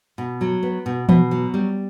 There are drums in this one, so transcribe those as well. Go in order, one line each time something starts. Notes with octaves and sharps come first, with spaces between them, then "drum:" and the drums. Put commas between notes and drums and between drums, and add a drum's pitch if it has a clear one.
B2
F#3
B3
B2
B2, drum: tom E3
F#3
G3